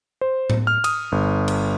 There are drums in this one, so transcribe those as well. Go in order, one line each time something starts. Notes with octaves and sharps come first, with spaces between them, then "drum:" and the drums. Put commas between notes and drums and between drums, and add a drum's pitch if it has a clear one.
C5
drum: tom A2
F6
D#6, drum: cymbal
G1
drum: cymbal